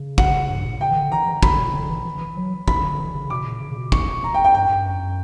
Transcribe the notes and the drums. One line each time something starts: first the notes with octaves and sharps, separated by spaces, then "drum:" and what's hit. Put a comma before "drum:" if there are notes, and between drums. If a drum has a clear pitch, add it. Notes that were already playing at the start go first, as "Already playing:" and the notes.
Already playing: C#3
F#5, drum: kick
G2
A#2
C#3 G5
E3
D3
E3 A#5
E3
D3 B5, drum: kick
B2
D3
E3
E3
E3
F#3
E3 B5, drum: kick
D3
E3
C#3
B2 D6
A#2
C#3
C#3
B2
C#6, drum: kick
A#5
G5
G5
G2 G5
G2
F#2